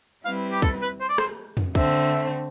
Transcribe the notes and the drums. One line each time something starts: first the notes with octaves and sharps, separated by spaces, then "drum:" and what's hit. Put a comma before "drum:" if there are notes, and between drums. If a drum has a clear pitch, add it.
G3 C4 E4 B4 F5
G4
A4, drum: kick
B4
C5
D5
C5, drum: rim click
drum: tom F2
D3 A3 C4 E5, drum: kick